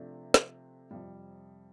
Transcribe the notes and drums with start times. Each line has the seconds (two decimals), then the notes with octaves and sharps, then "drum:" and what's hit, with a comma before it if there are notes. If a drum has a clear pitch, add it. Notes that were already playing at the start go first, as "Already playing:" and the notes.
Already playing: C3 F3 A3 D4
0.34 drum: snare
0.91 F2 C3 G3